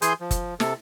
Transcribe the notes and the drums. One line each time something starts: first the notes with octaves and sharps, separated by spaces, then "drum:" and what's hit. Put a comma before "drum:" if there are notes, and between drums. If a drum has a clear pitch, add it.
E3 G#4 G#5 C6 G6, drum: hi-hat
F3
drum: kick F#1, hi-hat
C3 A4, drum: snare